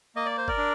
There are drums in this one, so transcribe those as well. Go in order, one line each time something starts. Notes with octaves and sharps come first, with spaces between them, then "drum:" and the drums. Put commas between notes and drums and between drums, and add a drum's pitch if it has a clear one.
A#3 D#5
D5
C5
A#4 D5, drum: kick F#1
D4